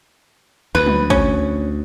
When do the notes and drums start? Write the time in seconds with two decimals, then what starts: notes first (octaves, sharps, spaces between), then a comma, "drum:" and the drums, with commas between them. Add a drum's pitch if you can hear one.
0.75 D2 B4
0.87 drum: tom
1.10 C#4, drum: kick